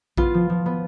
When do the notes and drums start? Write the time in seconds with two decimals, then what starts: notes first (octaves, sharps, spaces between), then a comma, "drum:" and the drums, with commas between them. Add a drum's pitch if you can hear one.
0.17 B3 F4, drum: kick A#1
0.34 F3
0.50 F3
0.66 B3